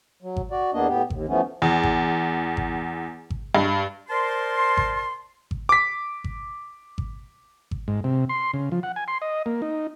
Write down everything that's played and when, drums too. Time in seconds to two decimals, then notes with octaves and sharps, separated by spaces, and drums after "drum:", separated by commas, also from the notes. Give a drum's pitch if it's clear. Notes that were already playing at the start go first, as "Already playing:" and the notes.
0.22 F#3
0.36 drum: kick G#1
0.51 F#4 D5
0.73 E2 A#3 B3 D4 D#5
0.88 A2 B3 G4
1.10 D#2, drum: kick G#1
1.28 E3 F3 A3 B3 C#4
1.62 E2
1.83 drum: kick G#1
2.57 drum: kick G#1
3.30 drum: kick G#1
3.55 G2
4.09 A#4 C5 D5 A5 C6
4.77 drum: kick G#1
5.51 drum: kick G#1
5.69 D6 B6
6.24 drum: kick G#1
6.98 drum: kick G#1
7.71 drum: kick G#1
7.88 G#2
8.04 C3
8.29 C6
8.54 C#3
8.72 F3
8.83 F#5
8.96 G#5
9.08 C6
9.22 D#5
9.46 A#3
9.62 D#4